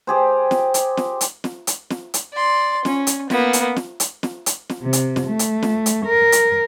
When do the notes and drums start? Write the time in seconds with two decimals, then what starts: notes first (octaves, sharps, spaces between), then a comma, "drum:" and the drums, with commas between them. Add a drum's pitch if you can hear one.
0.07 G4 G#4 C5
0.51 drum: snare
0.74 drum: hi-hat
0.97 drum: snare
1.21 drum: hi-hat
1.44 drum: snare
1.67 drum: hi-hat
1.90 drum: snare
2.14 drum: hi-hat
2.33 D5 C6
2.85 C#4, drum: snare
3.07 drum: hi-hat
3.30 A#3 B3, drum: snare
3.53 drum: hi-hat
3.76 drum: snare
4.00 drum: hi-hat
4.23 drum: snare
4.46 drum: hi-hat
4.69 drum: snare
4.83 C3
4.93 drum: hi-hat
5.16 drum: snare
5.27 A3
5.39 drum: hi-hat
5.63 drum: snare
5.86 drum: hi-hat
6.06 A#4
6.32 drum: hi-hat